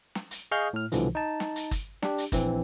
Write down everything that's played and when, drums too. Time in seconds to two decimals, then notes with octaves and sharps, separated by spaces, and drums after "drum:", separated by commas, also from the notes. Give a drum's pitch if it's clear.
0.15 drum: snare
0.31 drum: hi-hat
0.51 G#4 D#5 F5 C#6 F6 G6
0.73 A2 F6
0.92 C2 B2 D3 E3 F3, drum: hi-hat
1.15 D#4 A5
1.40 drum: snare
1.56 drum: hi-hat
1.71 drum: kick, hi-hat
2.03 D4 G4, drum: snare
2.18 drum: hi-hat
2.32 A#1 E3 C4, drum: kick, hi-hat